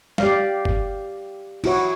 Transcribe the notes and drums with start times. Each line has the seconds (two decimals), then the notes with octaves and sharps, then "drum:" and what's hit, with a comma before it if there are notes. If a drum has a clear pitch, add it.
0.18 G4 D5 F5, drum: snare
0.65 drum: kick
1.64 E4 F#4 C#5, drum: cymbal